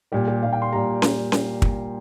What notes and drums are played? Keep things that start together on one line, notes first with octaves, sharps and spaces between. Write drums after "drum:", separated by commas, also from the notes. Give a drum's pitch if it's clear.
A#2 G3 G4
G4
A#2 G3 F5
G5
C6
A#2 G3 A#5
drum: snare C#4
drum: snare C#4
drum: kick